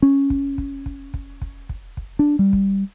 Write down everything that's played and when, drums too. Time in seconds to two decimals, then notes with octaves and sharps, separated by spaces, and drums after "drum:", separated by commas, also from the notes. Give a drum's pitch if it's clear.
0.02 C#4
0.30 drum: kick
0.58 drum: kick
0.86 drum: kick
1.14 drum: kick
1.42 drum: kick
1.69 drum: kick
1.97 drum: kick
2.19 D4
2.39 G3
2.53 drum: kick